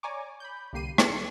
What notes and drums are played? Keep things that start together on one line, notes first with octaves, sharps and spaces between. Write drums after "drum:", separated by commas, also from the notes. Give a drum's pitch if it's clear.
C#5 D5 G#5 A#5 C#6 D6
B5 G6
C2 D3 A#3 G4 C7 D#7
D4 A4 C7 C#7, drum: rim click